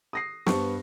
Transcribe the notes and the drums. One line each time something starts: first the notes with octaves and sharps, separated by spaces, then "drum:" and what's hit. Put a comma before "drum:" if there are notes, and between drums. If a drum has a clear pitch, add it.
D#6 A#6 C7
G2 B3 C5 A5 C#6, drum: snare